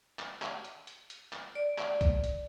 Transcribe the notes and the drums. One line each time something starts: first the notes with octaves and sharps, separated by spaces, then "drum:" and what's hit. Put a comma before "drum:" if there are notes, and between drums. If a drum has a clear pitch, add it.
drum: clap
drum: clap
drum: hi-hat
drum: hi-hat
drum: hi-hat
drum: clap
D5
drum: clap
drum: kick, hi-hat
drum: hi-hat